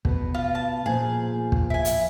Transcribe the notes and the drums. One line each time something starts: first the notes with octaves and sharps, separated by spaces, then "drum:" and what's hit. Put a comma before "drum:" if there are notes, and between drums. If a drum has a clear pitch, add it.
B2 B3, drum: kick
F4
A5
A#2 F3 G#4
drum: kick
E4 G#5
drum: hi-hat